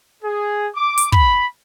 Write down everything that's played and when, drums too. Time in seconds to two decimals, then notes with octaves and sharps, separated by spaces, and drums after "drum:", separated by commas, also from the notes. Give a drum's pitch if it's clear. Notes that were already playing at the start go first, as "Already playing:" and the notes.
0.23 G#4
0.76 D6
0.98 drum: hi-hat
1.12 B5, drum: kick